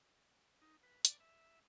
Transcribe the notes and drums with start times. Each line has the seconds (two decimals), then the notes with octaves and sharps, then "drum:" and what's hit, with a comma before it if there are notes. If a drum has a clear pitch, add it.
0.62 D#4
0.83 B4
1.05 D5, drum: hi-hat
1.20 E5